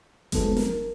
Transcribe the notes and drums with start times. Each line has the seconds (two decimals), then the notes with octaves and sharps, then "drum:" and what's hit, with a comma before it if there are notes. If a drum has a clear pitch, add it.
0.32 F#3 G#3 B3 C4 D#4 A4, drum: kick F#1, hi-hat
0.57 A#4, drum: snare